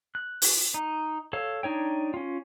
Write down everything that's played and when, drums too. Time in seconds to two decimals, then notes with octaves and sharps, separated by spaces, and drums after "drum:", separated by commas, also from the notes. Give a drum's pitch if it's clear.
0.15 F#6
0.42 drum: open hi-hat
0.74 D#4
1.33 A4 C#5 F5
1.63 D4 D#4 C#5 G5
2.14 C#4 F4